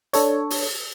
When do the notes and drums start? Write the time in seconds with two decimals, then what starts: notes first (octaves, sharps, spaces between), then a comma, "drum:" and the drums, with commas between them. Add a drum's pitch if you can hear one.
0.13 D4 A4 C#5, drum: hi-hat
0.50 drum: open hi-hat